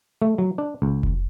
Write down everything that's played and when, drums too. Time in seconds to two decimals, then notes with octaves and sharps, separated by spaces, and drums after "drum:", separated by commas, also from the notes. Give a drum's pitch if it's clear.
0.22 A3
0.38 F#3
0.58 D4
0.82 C#2
1.03 drum: kick F1